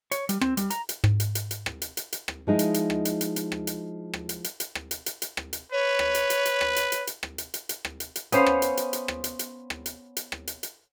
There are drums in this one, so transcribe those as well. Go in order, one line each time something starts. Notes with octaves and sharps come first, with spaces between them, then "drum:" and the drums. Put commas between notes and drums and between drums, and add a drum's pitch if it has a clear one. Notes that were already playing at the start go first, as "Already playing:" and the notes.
C#5, drum: hi-hat
G3, drum: hi-hat
C4, drum: rim click
G3, drum: hi-hat
A#5, drum: hi-hat
drum: hi-hat
G#2, drum: rim click
drum: hi-hat
drum: hi-hat
drum: hi-hat
drum: rim click
drum: hi-hat
drum: hi-hat
drum: hi-hat
drum: rim click
F3 G#3 D#4 E4
drum: hi-hat
drum: hi-hat
drum: rim click
drum: hi-hat
drum: hi-hat
drum: hi-hat
drum: rim click
drum: hi-hat
drum: rim click
drum: hi-hat
drum: hi-hat
drum: hi-hat
drum: rim click
drum: hi-hat
drum: hi-hat
drum: hi-hat
drum: rim click
drum: hi-hat
B4 C#5
drum: rim click
drum: hi-hat
drum: hi-hat
drum: hi-hat
drum: rim click
drum: hi-hat
drum: hi-hat
drum: hi-hat
drum: rim click
drum: hi-hat
drum: hi-hat
drum: hi-hat
drum: rim click
drum: hi-hat
drum: hi-hat
B3 C#4 C5 F5, drum: hi-hat
drum: rim click
drum: hi-hat
drum: hi-hat
drum: hi-hat
drum: rim click
drum: hi-hat
drum: hi-hat
drum: rim click
drum: hi-hat
drum: hi-hat
drum: rim click
drum: hi-hat
drum: hi-hat